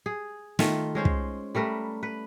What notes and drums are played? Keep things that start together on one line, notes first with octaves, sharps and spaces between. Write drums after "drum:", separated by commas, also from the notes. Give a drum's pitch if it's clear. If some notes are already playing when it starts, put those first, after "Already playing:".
G#4
D#3 A3 F4, drum: snare
G#3 C#4 C5
drum: kick
G3 A3 A#4 B4
B4